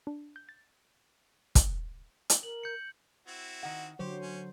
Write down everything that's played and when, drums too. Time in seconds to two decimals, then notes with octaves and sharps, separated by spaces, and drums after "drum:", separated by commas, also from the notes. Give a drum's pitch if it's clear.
0.07 D4
0.36 G6
0.49 A6
1.55 drum: kick, hi-hat
2.30 drum: hi-hat
2.43 A#4 F#7
2.63 G6 C#7
3.27 C4 E4 F#4
3.63 D#3 F#5
3.99 D3 F#3 G4 C5 C#5
4.22 C#4